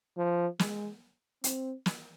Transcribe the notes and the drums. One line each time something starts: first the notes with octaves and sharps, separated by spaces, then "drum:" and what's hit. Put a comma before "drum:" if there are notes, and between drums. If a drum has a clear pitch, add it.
F3
G#3, drum: snare
C4, drum: hi-hat
drum: snare